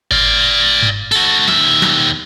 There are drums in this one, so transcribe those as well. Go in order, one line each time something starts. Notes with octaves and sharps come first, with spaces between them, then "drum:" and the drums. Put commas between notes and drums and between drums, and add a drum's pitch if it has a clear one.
D5 F5, drum: kick G1
drum: tom G2
F#4 A4, drum: open hi-hat
D#2 E5, drum: snare
drum: snare